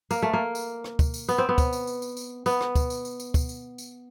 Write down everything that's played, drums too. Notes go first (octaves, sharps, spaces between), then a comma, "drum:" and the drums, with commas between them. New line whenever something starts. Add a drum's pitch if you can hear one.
A#3, drum: tambourine
A3
A#3
drum: tambourine
drum: rim click
drum: kick, tambourine
drum: tambourine
B3, drum: tambourine
C4
B3
drum: kick, tambourine
drum: tambourine
drum: tambourine
drum: tambourine
drum: tambourine
B3, drum: tambourine
drum: rim click
drum: kick, tambourine
drum: tambourine
drum: tambourine
drum: tambourine
drum: kick, tambourine
drum: tambourine
drum: tambourine